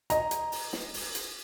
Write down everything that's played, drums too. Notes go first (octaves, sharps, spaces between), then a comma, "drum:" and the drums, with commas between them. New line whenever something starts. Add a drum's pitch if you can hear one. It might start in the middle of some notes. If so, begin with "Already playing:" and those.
D#5 A#5, drum: hi-hat
drum: hi-hat
drum: open hi-hat
drum: snare
drum: open hi-hat
drum: hi-hat